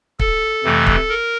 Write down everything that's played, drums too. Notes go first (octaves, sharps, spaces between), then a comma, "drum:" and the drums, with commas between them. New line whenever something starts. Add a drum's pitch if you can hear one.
A4, drum: kick
F2 C3 E3 A3
drum: kick
A#4